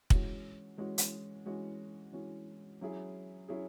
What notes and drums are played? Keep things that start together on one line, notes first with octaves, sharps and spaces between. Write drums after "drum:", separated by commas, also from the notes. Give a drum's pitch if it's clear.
E3 G#3 C#4 F#4, drum: kick
E3 G#3 C#4 F#4
drum: hi-hat
E3 G#3 C#4 F#4
E3 G#3 C#4 F#4
F#3 C#4 E4 G#4
F#3 C#4 E4 G#4